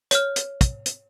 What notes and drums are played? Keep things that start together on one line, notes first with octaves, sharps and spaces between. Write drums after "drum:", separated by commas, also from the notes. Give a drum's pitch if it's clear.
C#5 F6, drum: hi-hat
drum: hi-hat
drum: kick, hi-hat
drum: hi-hat